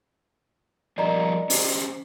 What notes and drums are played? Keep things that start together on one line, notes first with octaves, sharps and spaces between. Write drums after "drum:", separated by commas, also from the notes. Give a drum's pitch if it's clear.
F3 G3 A#4 D5 D#5 A#5
C#4 G4 C5, drum: open hi-hat